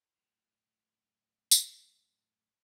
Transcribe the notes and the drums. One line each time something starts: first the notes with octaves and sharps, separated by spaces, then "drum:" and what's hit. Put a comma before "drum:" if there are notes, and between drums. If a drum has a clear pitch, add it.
F#2 A2
drum: tambourine